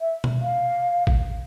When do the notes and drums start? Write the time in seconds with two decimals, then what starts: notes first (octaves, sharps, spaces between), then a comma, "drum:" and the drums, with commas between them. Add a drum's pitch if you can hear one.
0.01 E5
0.24 drum: tom B2
0.41 F5
1.07 drum: kick A1